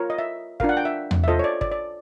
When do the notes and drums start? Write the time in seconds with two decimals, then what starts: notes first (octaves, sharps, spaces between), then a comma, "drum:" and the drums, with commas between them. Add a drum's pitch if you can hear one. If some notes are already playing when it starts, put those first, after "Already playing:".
Already playing: F4 A#4 C#5
0.10 D#5
0.19 E5
0.60 D4 F4 A#4 F5, drum: kick
0.69 F#5
0.77 G5
0.85 E5
1.11 drum: tom E2
1.24 E5
1.28 F4 A4 C5 D#5
1.39 C#5
1.44 D5
1.61 D5, drum: kick
1.72 D5